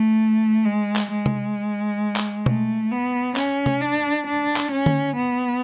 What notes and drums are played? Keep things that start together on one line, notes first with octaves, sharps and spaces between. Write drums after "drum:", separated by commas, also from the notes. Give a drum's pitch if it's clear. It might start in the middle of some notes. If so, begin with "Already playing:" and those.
Already playing: A3
G#3
drum: clap
G#3
drum: tom C3
drum: clap
A3, drum: tom
B3
C#4, drum: clap
drum: tom C3
D4
D4
drum: clap
C#4
drum: tom D3
B3